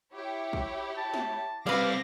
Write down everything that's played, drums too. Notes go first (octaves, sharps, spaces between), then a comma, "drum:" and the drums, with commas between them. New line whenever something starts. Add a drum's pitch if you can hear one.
E4 G4 C#5
drum: kick
A5
drum: snare
G3 C4 B4 D5 F5 D6 A#6 C7